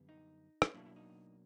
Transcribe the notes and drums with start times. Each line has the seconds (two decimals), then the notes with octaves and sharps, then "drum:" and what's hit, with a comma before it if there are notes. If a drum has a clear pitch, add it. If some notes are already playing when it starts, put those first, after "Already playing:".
Already playing: F#2 D3 G3 B3
0.09 D#4
0.62 drum: rim click
0.74 B2 F#3 A#3 D4 E4
0.85 E4
0.96 D#4